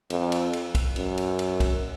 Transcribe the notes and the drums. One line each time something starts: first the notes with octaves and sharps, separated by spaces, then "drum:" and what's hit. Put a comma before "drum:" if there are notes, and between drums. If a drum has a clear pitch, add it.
F2, drum: cymbal
drum: cymbal
drum: cymbal
drum: kick, cymbal
F#2, drum: cymbal
drum: cymbal
drum: cymbal
drum: kick, cymbal